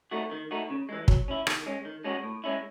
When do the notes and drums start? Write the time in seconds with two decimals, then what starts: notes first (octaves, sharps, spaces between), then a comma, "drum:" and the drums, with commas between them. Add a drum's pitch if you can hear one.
0.11 A3 D#4 F#4
0.31 D#3
0.51 A3 D#4 F#4
0.70 C#3
0.89 E3 G#3
1.08 F#3, drum: kick
1.28 C#4 E4
1.47 D#3, drum: rim click
1.66 G#3 C#4
1.85 D#3
2.04 G#3 C#4 F#4
2.24 A2
2.44 G#3 C#4 E4